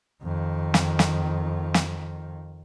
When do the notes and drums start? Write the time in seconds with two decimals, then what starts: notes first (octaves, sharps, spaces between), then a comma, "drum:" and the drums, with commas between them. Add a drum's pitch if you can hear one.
0.24 F2 D#3
0.74 drum: snare
0.99 drum: snare
1.74 drum: snare